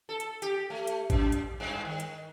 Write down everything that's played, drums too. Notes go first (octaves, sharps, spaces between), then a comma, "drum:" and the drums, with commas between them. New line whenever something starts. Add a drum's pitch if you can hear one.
A4
drum: hi-hat
G4, drum: hi-hat
A3
drum: hi-hat
F#2, drum: kick, hi-hat
drum: hi-hat
G2
D#3
drum: hi-hat